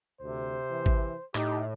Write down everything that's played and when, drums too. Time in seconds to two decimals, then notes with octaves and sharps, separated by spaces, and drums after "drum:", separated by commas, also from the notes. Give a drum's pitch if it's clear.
0.21 D2 C3 C5
0.70 E3
0.86 drum: kick G#1
1.35 A2 D#4 G4, drum: clap